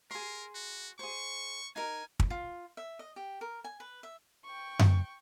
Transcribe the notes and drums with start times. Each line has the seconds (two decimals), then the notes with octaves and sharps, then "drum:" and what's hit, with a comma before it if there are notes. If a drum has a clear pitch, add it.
0.11 G#4 A#4 C6
0.55 F#4
0.99 G#4 C5 C#6
1.76 D#4 A#4 G#5
2.20 drum: kick
2.30 F4
2.77 E5
2.99 D#5
3.16 G4
3.41 A#4
3.64 G#5
3.80 B4
4.03 E5
4.45 G5 C#6
4.79 drum: tom F#2